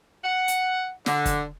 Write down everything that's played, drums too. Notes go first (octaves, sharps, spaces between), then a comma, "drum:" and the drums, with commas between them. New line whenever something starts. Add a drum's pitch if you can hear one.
F#5
drum: hi-hat
D3, drum: snare
drum: kick, hi-hat